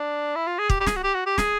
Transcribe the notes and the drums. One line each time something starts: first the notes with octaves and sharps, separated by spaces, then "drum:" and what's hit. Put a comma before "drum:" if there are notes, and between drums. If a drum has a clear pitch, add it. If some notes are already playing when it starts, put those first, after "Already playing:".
Already playing: D4
E4
F4
G#4
G4, drum: kick
G4
G#4, drum: snare
F#4
G4
F#4
G4
G#4, drum: snare